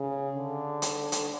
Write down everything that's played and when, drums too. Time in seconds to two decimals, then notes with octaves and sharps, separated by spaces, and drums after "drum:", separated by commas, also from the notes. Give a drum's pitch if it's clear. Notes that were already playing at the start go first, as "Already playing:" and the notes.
Already playing: C#3
0.37 D3
0.82 drum: hi-hat
1.12 drum: hi-hat